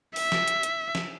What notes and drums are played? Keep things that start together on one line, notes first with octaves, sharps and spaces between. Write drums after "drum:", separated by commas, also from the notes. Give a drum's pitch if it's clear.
E5, drum: open hi-hat
drum: snare
drum: hi-hat
drum: hi-hat
drum: snare